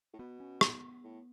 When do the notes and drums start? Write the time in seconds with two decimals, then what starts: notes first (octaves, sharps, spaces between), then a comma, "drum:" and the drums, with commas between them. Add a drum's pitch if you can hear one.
0.13 A2
0.19 B2 B3
0.40 C#4
0.61 B3, drum: rim click
1.04 A2